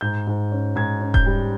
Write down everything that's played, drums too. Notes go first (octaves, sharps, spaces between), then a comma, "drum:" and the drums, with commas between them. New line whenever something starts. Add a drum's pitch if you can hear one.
G#2 G6
G#2
C#4
G#2 G#6
C#4
G6, drum: kick E1
G3